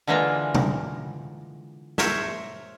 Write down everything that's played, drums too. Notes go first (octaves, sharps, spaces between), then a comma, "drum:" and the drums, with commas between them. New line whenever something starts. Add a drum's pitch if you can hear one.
D3 E3 G#3 A#3 F4 A#4
drum: tom B2
A#4 C5 C#5 E5, drum: snare